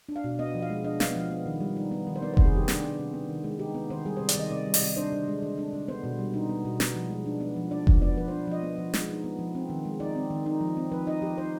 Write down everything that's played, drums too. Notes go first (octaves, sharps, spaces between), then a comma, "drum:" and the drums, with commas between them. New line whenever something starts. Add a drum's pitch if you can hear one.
D4
F5
B2
B3 D#5
F3
F5
G#3
D4 D#5
B3 F5, drum: snare
F3
B3
D#3
G3
D#4
B3
D#3
C5
B3 D5
C5
C3, drum: kick F1
G#4
D#3 G4
D4 G4, drum: snare
B3
C3
B3
D#3
G#3
D#4 G4
B3
D#3 C5
G3 G#4
C5
C3
D5, drum: hi-hat
D#3 D#5
C3 D5
G3
D#5, drum: open hi-hat
C3
D4 C5
D3
G#3
D3
D4
D3
B3 C5
B2
G3
D#4
B3
B2
B3, drum: snare
F3
G#3
D4
B3
F3
D4 D5
F3, drum: kick F1
B3 D5
F3 B4
C5
D4
F3 D#5
B3
F3
G#3, drum: snare
D#4
B3
F3
C4
D#3
G#3
D#4 D5
C4
D#3
D#4
F3
C4
F3 B4
D#4 D#5
F3 G4
D#4 C5